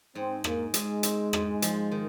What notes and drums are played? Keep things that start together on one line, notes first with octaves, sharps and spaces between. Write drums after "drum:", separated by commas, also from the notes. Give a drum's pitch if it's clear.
G#2 C4
G#2 A#3, drum: rim click
G#2 G#3, drum: hi-hat
C4, drum: hi-hat
G#2, drum: rim click
F3, drum: hi-hat
D#3